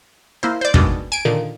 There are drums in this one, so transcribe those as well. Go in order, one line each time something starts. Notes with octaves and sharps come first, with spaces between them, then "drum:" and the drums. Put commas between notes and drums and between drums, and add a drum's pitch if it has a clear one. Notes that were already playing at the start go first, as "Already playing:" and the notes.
A#3 E4 C5
C5 D5
D#2 B2 G3 G#3 D4, drum: kick
G#5 D7
A#2 D3 D#3